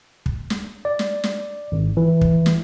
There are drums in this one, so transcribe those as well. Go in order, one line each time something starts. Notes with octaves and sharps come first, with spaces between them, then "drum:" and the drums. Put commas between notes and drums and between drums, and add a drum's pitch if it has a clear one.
drum: kick
drum: snare
D5
drum: snare
drum: snare
G#1
E3
drum: kick
drum: snare